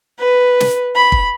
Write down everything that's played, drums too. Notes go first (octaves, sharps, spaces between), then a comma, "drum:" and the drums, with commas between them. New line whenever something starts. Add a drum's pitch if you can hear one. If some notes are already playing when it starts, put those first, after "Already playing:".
B4
drum: snare
B5
drum: kick